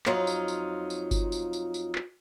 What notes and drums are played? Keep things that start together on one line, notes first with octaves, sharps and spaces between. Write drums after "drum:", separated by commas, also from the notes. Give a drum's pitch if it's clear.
F2 F#3 D#4 F4, drum: clap
drum: tambourine
drum: tambourine
drum: tambourine
drum: kick G1, tambourine
drum: tambourine
drum: tambourine
drum: tambourine
drum: clap